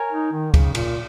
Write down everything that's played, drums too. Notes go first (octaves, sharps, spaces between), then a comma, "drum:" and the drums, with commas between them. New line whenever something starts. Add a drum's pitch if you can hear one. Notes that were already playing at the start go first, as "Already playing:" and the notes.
Already playing: A#4 C#5 G#5
D#4
D#3
C#3, drum: kick, cymbal
A#2, drum: cymbal